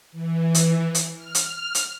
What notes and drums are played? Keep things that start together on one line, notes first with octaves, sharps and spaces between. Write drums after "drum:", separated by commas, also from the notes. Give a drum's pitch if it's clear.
E3
drum: hi-hat
drum: hi-hat
F6
drum: hi-hat
drum: hi-hat